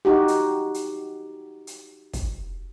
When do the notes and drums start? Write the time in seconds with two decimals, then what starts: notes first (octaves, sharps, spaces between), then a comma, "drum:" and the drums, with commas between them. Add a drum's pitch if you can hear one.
0.05 D#4 F#4 G4
0.28 drum: hi-hat
0.74 drum: hi-hat
1.67 drum: hi-hat
2.13 drum: kick, hi-hat